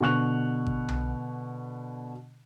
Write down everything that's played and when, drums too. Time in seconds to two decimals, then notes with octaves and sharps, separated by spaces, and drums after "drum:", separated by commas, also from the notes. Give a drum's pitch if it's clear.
0.01 B2 D3 C#6 F#6 F7
0.66 drum: kick G#1
0.88 drum: tom B1